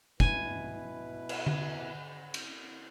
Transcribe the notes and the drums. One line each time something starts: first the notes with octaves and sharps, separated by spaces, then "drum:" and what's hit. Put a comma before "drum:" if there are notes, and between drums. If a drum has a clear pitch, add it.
B2 E4 B4 G#5, drum: kick
drum: cymbal
drum: tom D3
drum: cymbal